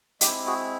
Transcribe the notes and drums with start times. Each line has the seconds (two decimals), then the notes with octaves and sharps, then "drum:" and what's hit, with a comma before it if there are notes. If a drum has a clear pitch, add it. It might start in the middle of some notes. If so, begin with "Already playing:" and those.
0.21 G#3 C4 E4 G4, drum: hi-hat
0.47 F#4 G#4